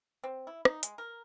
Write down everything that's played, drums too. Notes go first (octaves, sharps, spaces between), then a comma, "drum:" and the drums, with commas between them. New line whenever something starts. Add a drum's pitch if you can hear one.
C4
E4
D#4, drum: rim click
G#3, drum: hi-hat
A#4